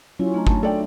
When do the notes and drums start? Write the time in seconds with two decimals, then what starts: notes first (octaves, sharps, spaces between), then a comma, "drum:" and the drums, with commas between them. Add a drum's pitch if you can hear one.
0.19 F#3 C#4 E4 F4
0.34 A3 D4 D#4 A#5
0.47 A5, drum: kick
0.63 A3 C#4 D4 A4 D5 G5